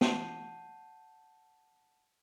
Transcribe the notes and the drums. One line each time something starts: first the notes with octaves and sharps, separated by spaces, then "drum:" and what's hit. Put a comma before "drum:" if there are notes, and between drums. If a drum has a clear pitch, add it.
F#5 A5 G6 C7 D#7, drum: snare